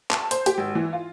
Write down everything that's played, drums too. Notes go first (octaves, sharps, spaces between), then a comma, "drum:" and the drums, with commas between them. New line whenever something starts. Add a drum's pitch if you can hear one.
A5, drum: clap
C5, drum: hi-hat
G4, drum: hi-hat
G#1
E3
F4